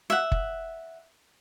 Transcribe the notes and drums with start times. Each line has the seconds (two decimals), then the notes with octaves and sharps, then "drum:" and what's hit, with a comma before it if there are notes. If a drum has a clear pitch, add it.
0.10 E5 F#5
0.32 drum: kick F#1